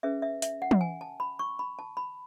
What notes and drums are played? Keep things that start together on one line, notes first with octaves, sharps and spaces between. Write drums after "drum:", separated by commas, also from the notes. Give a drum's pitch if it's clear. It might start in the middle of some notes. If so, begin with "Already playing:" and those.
C#4 G#4 B4 E5
E5
E5, drum: hi-hat
F#5
drum: tom
G#5
A5
B5
C#6
B5
A5
B5